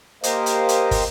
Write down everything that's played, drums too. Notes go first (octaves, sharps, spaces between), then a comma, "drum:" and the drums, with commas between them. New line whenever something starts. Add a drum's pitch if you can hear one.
A#3 G4 A#4 C5 D#5 F5, drum: hi-hat
drum: hi-hat
drum: hi-hat
drum: kick, open hi-hat